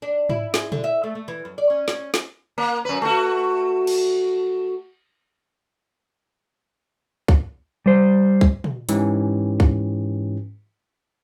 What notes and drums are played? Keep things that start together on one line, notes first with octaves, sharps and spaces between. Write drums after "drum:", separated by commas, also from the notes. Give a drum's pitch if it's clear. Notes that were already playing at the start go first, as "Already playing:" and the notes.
D4
E4, drum: tom G#2
G#3, drum: snare
D3, drum: tom
E5
A3
A3
E3
F#2
D5
C#4
C#4, drum: snare
drum: snare
A#3
F#2 B4
A3 F#4
drum: cymbal
drum: kick
G3 C5
drum: kick
drum: tom
G#2 E3 C#4 G4, drum: hi-hat
drum: kick